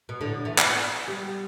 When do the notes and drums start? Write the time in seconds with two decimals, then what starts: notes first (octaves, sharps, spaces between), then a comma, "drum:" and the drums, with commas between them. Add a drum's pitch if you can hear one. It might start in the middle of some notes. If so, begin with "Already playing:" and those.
0.09 B2
0.21 A2 D3
0.45 E3 A3
0.58 drum: clap
1.08 G3 B3